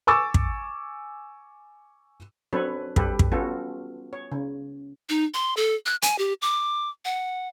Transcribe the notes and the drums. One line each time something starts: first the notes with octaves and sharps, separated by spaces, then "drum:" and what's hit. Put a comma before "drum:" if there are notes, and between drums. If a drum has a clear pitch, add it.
G#5 C#6 D6 E6 A6
drum: kick
F#3 C4 D4 A4 B4 C#5
G3 G4 A4 B4, drum: kick
drum: kick
B3 C#4 F4 F#4 A4
C#5
C#3
D#4
C6
A4
F#6
G#5, drum: hi-hat
G4
D6
F#5